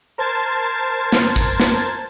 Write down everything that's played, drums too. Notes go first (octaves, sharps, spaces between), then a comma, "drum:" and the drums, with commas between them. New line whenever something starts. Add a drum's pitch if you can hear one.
A#4 C5 A5 G#6 A6
drum: snare
drum: kick
drum: snare